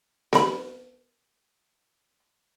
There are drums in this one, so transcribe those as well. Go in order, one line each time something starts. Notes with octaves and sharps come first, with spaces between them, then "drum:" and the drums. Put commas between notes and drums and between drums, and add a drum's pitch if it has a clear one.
A#4 B5, drum: snare B3